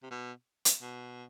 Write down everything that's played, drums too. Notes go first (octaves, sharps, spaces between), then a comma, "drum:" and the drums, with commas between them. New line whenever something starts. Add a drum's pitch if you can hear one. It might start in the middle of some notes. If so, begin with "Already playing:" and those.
C3
B2
drum: hi-hat
B2